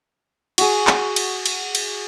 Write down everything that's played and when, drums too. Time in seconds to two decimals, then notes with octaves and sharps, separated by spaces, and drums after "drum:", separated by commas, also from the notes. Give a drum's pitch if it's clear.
0.58 F#4 G#4, drum: cymbal
0.87 drum: clap
1.16 drum: cymbal
1.46 drum: cymbal
1.75 drum: cymbal